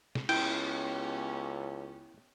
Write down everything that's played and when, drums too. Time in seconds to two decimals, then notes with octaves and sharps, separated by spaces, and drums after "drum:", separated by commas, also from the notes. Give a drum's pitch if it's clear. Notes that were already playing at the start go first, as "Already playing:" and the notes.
0.15 drum: snare
0.29 C#2 B3 C#4 E4 G4 G5, drum: cymbal